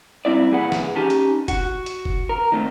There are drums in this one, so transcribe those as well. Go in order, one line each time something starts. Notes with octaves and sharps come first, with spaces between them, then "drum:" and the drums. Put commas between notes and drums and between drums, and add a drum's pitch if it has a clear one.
G#2 G3 C4 E4 D5
A#2 E3 G#4 F#5 B5
drum: snare
C#4 D#4 G4 G#5 A5
drum: hi-hat
F#4, drum: kick, hi-hat
drum: hi-hat
drum: kick
A#4
D#3 A3 C4